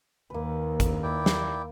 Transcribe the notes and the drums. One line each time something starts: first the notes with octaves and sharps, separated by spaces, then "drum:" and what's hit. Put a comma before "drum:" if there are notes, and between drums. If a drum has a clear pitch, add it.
D#2 A#3 B4
drum: kick A1, hi-hat
E4 D5 G5
drum: snare